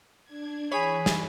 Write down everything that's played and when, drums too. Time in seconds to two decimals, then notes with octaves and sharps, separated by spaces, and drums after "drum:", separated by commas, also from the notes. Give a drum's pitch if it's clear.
0.24 D4 G#6
0.72 E3 G#4 C#5 B5
1.06 drum: snare